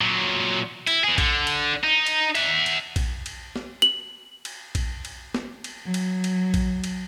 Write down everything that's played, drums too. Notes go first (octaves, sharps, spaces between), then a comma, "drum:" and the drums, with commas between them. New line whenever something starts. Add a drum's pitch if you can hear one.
A#2 F#3
E4, drum: cymbal
E3 G#4
D3, drum: kick A#1, cymbal
drum: cymbal
D#4
drum: cymbal
E5 F#5, drum: cymbal
drum: cymbal
drum: kick A#1, cymbal
drum: cymbal
drum: snare
F#7
drum: cymbal
drum: kick A#1, cymbal
drum: cymbal
drum: snare
drum: cymbal
F#3
drum: cymbal
drum: cymbal
drum: kick A#1, cymbal
drum: cymbal